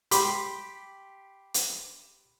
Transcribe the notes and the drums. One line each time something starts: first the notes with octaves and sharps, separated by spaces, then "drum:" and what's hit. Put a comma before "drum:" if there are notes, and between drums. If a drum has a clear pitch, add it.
G4 B5 C6 D6, drum: hi-hat
drum: hi-hat